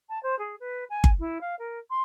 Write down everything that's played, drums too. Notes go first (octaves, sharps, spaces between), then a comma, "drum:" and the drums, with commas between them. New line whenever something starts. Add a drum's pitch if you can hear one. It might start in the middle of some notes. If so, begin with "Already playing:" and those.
A5
C5
G#4
B4
G#5
drum: kick G1
E4
F5
A#4
C6